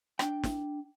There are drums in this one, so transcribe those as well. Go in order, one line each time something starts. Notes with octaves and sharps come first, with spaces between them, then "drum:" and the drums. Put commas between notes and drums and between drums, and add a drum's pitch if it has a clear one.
D4 G5, drum: rim click
drum: snare